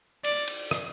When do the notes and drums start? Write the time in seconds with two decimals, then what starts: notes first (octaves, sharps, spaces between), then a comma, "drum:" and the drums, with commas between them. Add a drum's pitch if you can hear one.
0.24 D5, drum: cymbal
0.48 drum: cymbal
0.71 drum: rim click